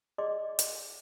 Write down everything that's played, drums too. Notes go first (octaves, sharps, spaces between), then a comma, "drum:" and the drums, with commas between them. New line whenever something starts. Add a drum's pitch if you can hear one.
G#4 D5 D#5 C6 D6
drum: hi-hat